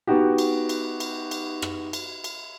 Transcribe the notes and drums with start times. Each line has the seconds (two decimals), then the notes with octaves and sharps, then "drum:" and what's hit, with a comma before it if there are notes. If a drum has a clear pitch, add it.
0.07 B3 D#4 F#4 G4
0.38 drum: cymbal
0.69 drum: cymbal
1.00 drum: cymbal
1.31 drum: cymbal
1.62 drum: rim click
1.93 drum: cymbal
2.24 drum: cymbal